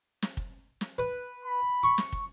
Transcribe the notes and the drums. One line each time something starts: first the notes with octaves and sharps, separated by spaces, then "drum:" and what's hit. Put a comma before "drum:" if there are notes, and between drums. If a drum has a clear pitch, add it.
drum: snare
drum: kick
drum: snare
B4
B5
C#6
drum: snare
drum: kick